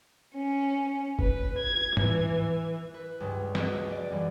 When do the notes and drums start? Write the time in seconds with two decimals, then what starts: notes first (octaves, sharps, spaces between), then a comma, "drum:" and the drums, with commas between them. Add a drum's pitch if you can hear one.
0.35 C#4
1.19 B4, drum: kick F#1
1.59 G#6
1.97 E3, drum: tom G#2
2.94 B4
3.20 C#2 G2 C#3
3.55 F#4 B4 D#5, drum: snare
3.91 D5
4.11 F#2 E3 G3